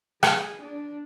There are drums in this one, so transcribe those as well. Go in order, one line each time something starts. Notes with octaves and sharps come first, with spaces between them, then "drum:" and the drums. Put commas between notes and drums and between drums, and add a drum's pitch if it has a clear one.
G#4, drum: rim click
D4